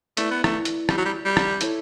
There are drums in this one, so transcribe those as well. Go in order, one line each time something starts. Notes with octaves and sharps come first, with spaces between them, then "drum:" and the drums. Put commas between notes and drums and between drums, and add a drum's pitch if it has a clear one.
A3 E4 B4 D5, drum: hi-hat
B3
A3, drum: rim click
drum: hi-hat
G3, drum: rim click
F#3
G3
G3
drum: rim click
E4 A4 C#5, drum: hi-hat